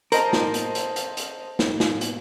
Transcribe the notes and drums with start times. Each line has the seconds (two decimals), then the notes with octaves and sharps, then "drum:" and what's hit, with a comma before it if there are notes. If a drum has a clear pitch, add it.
0.12 A#4 C5 D#5 A5, drum: hi-hat
0.33 drum: snare
0.54 drum: hi-hat
0.75 drum: hi-hat
0.96 drum: hi-hat
1.17 drum: hi-hat
1.59 drum: snare
1.80 drum: snare
2.01 drum: hi-hat